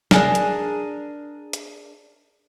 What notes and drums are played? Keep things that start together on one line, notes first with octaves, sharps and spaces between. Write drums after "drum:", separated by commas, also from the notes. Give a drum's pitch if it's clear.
D4 G#4 A#4, drum: snare
drum: hi-hat
drum: hi-hat